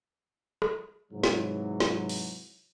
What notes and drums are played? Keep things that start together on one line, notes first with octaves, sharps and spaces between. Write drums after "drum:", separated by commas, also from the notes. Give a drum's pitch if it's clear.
drum: rim click
G#2 C3 E3 F#3
drum: snare
drum: snare
drum: open hi-hat